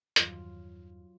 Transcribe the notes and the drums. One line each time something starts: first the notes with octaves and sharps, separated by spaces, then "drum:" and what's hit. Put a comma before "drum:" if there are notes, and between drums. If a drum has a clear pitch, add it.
E2 G2 D#3 F#3 F4, drum: hi-hat